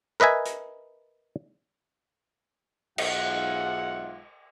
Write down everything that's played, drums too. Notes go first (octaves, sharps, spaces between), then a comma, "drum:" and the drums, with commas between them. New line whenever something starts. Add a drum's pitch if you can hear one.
A#4 B4 D#5 E5 G#5
drum: hi-hat
B1 G#2 G#3 F4 E5 F#5, drum: cymbal